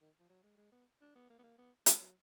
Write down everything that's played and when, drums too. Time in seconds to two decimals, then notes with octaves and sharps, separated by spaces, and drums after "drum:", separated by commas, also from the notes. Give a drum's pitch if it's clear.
0.01 D#3
0.19 F3
0.29 F#3
0.43 G#3
0.58 G#3
0.72 B3
1.01 D4
1.15 B3
1.30 A#3
1.39 B3
1.43 A#3
1.58 B3
1.86 G#3, drum: hi-hat
2.00 F#3